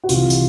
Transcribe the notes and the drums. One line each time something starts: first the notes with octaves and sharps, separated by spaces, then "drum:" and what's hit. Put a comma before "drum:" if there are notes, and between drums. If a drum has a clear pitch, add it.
F#4
C2 C3 E3 F4, drum: hi-hat
drum: hi-hat